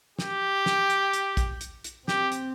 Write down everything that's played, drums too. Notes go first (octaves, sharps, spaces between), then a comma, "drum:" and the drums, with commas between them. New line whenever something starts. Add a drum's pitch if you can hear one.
G4, drum: snare
drum: snare
drum: hi-hat
drum: hi-hat
drum: kick, hi-hat
drum: hi-hat
drum: hi-hat
C4 G4, drum: snare
drum: hi-hat